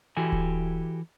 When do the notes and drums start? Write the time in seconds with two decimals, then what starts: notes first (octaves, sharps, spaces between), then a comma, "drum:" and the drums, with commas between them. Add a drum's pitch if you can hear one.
0.17 E3 E4 F#4 G4 A4 G#5
0.32 drum: kick D1